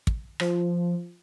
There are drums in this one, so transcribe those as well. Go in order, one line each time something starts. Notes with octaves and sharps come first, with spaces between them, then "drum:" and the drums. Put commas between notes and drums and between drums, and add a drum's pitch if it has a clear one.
drum: kick
F3, drum: rim click